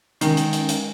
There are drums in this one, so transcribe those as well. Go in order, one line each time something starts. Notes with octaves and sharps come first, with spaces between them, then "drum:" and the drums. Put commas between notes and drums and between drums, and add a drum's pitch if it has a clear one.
D#3 G#3 C#4 A#4, drum: hi-hat
drum: hi-hat
drum: hi-hat
drum: hi-hat